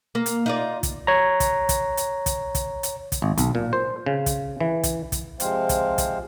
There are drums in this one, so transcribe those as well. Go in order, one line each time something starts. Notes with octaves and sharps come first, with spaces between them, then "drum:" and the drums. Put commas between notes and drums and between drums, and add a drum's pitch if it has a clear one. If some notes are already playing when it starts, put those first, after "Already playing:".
A#3
drum: hi-hat
D#4 F4 D5
drum: kick, hi-hat
C#5 A#5
drum: kick, hi-hat
drum: kick, hi-hat
drum: hi-hat
drum: kick, hi-hat
drum: kick, hi-hat
drum: hi-hat
drum: kick, hi-hat
G#1
B1, drum: kick, hi-hat
A#2
C5
C#3
drum: kick, hi-hat
E3
drum: kick, hi-hat
drum: kick, hi-hat
C3 F3 G#3 C4 C5 F5, drum: hi-hat
drum: kick, hi-hat
drum: kick, hi-hat